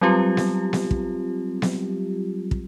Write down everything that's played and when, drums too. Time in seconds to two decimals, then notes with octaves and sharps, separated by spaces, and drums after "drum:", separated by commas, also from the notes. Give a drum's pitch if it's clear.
0.01 F#3 G3 C4 F4 G4
0.37 drum: snare B3
0.73 drum: snare B3
0.91 drum: kick
1.62 drum: snare B3
2.51 drum: kick